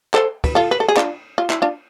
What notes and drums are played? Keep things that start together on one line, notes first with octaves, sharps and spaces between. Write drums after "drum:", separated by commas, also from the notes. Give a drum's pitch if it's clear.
A4 C5, drum: clap
B4, drum: kick, cymbal
F4 A4
B4
A4
G#4
D4 F4, drum: clap
F4
E4, drum: clap
D4 F4